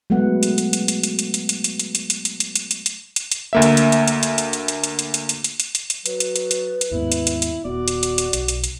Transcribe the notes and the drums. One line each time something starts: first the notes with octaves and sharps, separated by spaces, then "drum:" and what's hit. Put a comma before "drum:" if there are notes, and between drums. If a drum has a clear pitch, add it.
F#3 G#3 A3 B3 F#5
drum: hi-hat
drum: hi-hat
drum: hi-hat
drum: hi-hat
drum: hi-hat
drum: hi-hat
drum: hi-hat
drum: hi-hat
drum: hi-hat
drum: hi-hat
drum: hi-hat
drum: hi-hat
drum: hi-hat
drum: hi-hat
drum: hi-hat
drum: hi-hat
drum: hi-hat
drum: hi-hat
drum: hi-hat
D2 A#3 E5
drum: hi-hat
drum: hi-hat
drum: hi-hat
drum: hi-hat
drum: hi-hat
drum: hi-hat
drum: hi-hat
drum: hi-hat
drum: hi-hat
drum: hi-hat
drum: hi-hat
drum: hi-hat
drum: hi-hat
drum: hi-hat
drum: hi-hat
drum: hi-hat
F#3 B4, drum: hi-hat
drum: hi-hat
drum: hi-hat
drum: hi-hat
drum: hi-hat
D#2 G#2 B3 E4
drum: hi-hat
drum: hi-hat
drum: hi-hat
D#1 B3 F#4 D5
drum: hi-hat
drum: hi-hat
drum: hi-hat
B1, drum: hi-hat
drum: hi-hat
drum: hi-hat